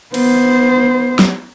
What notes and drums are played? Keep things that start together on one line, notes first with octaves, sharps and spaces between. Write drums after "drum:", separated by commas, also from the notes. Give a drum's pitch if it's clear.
B3 C5, drum: cymbal
drum: snare